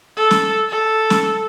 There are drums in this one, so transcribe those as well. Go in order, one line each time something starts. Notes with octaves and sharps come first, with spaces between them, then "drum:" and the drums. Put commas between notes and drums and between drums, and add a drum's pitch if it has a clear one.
A4
drum: snare
A4
drum: snare